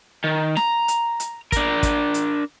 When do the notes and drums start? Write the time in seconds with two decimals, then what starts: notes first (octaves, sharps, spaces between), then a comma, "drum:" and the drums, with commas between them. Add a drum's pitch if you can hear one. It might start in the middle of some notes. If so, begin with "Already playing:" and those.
0.24 D#3
0.57 A#5, drum: snare
0.88 drum: hi-hat
1.20 drum: hi-hat
1.52 D4 A#4, drum: kick, hi-hat
1.83 drum: kick, hi-hat
2.14 drum: hi-hat